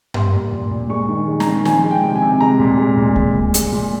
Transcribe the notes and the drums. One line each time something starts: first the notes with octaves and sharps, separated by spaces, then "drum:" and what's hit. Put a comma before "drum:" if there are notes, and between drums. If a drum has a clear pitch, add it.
G3 C6, drum: tom G2
A#3
A#2
A#2
G#3 C#6
D#3
G#3
A#5, drum: snare
D#3
F3 G#5, drum: snare
G#3
G5
C3
G#5
C3
G#3 A#5
A#2
G#3
A#2
G#3, drum: kick C#2
A#2
G#3, drum: hi-hat
A#2